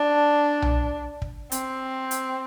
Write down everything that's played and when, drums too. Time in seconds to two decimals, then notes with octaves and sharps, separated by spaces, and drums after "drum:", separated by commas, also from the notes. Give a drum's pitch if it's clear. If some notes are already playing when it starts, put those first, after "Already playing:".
Already playing: D4
0.62 drum: tom B1
1.22 drum: kick
1.52 C4, drum: hi-hat
2.11 drum: hi-hat